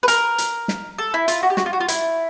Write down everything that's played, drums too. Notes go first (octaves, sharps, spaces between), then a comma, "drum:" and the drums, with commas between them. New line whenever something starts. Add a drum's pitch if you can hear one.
B4
A#4, drum: hi-hat
drum: hi-hat
drum: snare
A4
E4
F4, drum: hi-hat
F#4
G4
F#4, drum: snare
F4
F#4
F4
E4, drum: hi-hat